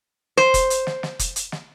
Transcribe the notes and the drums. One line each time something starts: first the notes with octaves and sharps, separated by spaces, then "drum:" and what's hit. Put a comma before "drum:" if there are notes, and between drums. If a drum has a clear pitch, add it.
C5, drum: snare
drum: kick F1, hi-hat
drum: hi-hat
drum: snare
drum: snare
drum: kick F1, hi-hat
drum: hi-hat
drum: snare